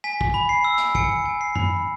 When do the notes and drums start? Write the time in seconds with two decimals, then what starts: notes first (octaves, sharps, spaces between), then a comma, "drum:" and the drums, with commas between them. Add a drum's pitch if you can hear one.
0.04 G#5 B6
0.21 drum: kick
0.34 B5
0.49 C7
0.65 E6
0.78 drum: hi-hat
0.95 G#5 C#7, drum: kick
1.26 G#5
1.41 C7
1.55 B5, drum: tom